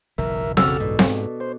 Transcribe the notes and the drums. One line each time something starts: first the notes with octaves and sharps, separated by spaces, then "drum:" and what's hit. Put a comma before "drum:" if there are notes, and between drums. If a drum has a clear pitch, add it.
F#1 B1 E3 A#4 E5
C#3 D4 F#4 A4 E6 F6, drum: snare C4
G#2 B2
drum: snare C4
C5